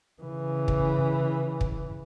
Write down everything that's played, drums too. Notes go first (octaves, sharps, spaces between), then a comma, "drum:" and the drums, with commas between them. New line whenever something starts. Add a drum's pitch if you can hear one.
C#3 E3
drum: kick
drum: kick